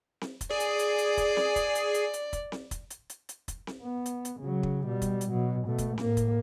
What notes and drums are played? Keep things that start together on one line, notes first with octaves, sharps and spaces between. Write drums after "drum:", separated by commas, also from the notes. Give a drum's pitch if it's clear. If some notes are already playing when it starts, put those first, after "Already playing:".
drum: snare C4
drum: kick, hi-hat
G#4 D5
drum: hi-hat
drum: hi-hat
drum: hi-hat
drum: kick, hi-hat
drum: snare C4
drum: kick, hi-hat
drum: hi-hat
drum: hi-hat
drum: hi-hat
drum: kick, hi-hat
drum: snare C4
drum: kick, hi-hat
drum: hi-hat
drum: hi-hat
drum: hi-hat
drum: kick, hi-hat
drum: snare C4
B3
drum: hi-hat
drum: hi-hat
C#3 F#3
drum: kick
B2 G3
drum: kick, hi-hat
drum: hi-hat
B2 F#3
B2 A3
drum: kick, hi-hat
A2 A#3, drum: snare C4
drum: kick, hi-hat